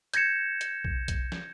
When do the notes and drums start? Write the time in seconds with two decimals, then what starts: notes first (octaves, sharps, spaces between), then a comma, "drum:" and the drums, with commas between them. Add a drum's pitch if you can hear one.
0.14 G6 G#6 A#6 C#7 E7, drum: hi-hat
0.61 drum: hi-hat
0.85 drum: kick B1
1.08 drum: kick B1, hi-hat
1.32 drum: snare